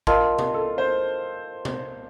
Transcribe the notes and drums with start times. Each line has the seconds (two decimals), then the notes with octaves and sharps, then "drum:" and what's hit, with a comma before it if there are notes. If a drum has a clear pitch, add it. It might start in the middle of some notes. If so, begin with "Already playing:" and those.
0.07 F4 A#4 D#5 A5 C6, drum: kick A1
0.39 drum: tom C3
0.54 A4
0.78 C5
1.65 drum: tom C3